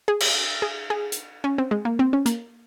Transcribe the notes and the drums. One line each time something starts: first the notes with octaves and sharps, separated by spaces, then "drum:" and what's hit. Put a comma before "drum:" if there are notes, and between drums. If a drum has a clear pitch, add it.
G#4
drum: cymbal
G#4
G#4
drum: hi-hat
C#4
C4
G#3
A#3
C4
C#4
A#3, drum: hi-hat